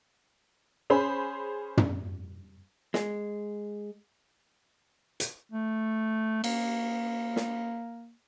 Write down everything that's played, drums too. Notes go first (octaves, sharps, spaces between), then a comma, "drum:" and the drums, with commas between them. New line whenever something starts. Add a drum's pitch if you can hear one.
C#4 G#4 C5 B5
drum: tom
G#3, drum: snare
drum: hi-hat
A3
A#3, drum: cymbal
drum: snare